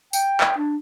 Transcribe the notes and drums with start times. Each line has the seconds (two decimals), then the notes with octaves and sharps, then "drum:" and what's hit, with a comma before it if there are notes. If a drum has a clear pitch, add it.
0.13 G5, drum: tambourine
0.41 drum: clap
0.58 D4